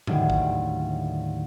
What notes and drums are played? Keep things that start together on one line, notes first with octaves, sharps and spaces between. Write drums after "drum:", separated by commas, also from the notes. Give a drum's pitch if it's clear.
D#2 A2 D3 D#3 F#3 G3, drum: tom G#2
drum: kick